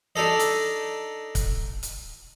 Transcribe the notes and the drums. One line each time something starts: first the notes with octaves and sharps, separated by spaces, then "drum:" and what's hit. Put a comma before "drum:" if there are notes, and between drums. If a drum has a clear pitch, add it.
D4 D#4 A4 D#5
drum: hi-hat
drum: kick C#1, hi-hat
drum: hi-hat